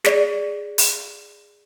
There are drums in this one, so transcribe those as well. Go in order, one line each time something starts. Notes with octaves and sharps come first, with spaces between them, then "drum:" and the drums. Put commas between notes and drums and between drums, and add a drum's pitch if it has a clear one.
G#4 D5, drum: snare
drum: open hi-hat